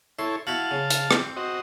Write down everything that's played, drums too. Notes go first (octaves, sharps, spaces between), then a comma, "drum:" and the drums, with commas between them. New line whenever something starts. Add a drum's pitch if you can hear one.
E4 A4 C#5 C6
E4 F#4 F5 F#5 A5
C#3
drum: hi-hat
C4, drum: rim click
F#4 C5 D#5